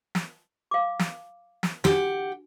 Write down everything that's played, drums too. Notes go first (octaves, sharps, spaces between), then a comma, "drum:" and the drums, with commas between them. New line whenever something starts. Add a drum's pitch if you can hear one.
drum: snare
F5 D6
drum: snare
drum: snare
D4 F#4 G4 F#5, drum: snare